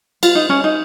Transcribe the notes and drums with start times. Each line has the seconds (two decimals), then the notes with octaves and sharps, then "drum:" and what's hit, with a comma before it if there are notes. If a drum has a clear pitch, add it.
0.23 F4, drum: cymbal
0.35 D#4
0.50 C#4
0.64 D#4